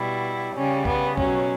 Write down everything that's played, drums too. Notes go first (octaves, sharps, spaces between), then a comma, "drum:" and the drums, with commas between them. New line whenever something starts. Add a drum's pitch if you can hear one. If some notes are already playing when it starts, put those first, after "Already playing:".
Already playing: B2 G3 E4
C#3 G3 C#4
B3, drum: kick B1
B2 F#3 C#4, drum: kick B1